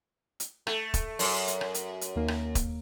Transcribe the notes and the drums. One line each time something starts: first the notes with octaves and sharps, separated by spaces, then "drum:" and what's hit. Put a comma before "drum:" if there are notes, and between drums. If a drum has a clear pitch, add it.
drum: hi-hat
A3, drum: rim click
drum: kick, hi-hat
F#2, drum: open hi-hat
drum: hi-hat
drum: rim click
drum: hi-hat
drum: hi-hat
D#2 A#3
drum: rim click
drum: kick, hi-hat